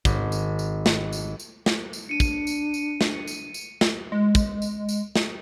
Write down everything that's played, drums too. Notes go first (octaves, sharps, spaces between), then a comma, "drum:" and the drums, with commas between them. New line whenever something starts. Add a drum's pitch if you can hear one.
G#1, drum: kick, tambourine
drum: tambourine
drum: tambourine
drum: snare
drum: tambourine
drum: tambourine
drum: snare
drum: tambourine
D4 C#7 D#7
drum: kick, tambourine
drum: tambourine
drum: tambourine
drum: snare
drum: tambourine
drum: tambourine
drum: snare
G#3
drum: kick, tambourine
drum: tambourine
drum: tambourine
drum: snare